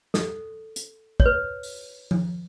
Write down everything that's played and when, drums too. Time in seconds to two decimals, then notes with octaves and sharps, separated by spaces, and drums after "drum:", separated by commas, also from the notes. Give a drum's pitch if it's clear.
0.14 A4, drum: snare
0.76 drum: hi-hat
1.20 C#5, drum: kick
1.26 B4
1.63 drum: open hi-hat
2.11 drum: tom F3